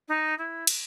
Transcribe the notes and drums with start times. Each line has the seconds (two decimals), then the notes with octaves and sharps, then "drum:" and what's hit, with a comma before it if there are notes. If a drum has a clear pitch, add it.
0.08 D#4
0.38 E4
0.67 drum: cymbal